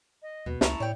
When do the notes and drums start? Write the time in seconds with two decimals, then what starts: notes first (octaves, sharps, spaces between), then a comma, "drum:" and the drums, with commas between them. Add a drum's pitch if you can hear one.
0.22 D#5
0.46 D#2 B2
0.61 C#2 E4 A5 A#5 C#6, drum: snare
0.80 A2 C#5 D5 G5